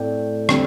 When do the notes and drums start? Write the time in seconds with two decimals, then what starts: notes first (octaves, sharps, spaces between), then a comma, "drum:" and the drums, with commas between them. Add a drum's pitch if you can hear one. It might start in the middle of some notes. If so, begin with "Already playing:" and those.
Already playing: A2 A3 C4 D5 G5
0.49 D3 G3 C4, drum: rim click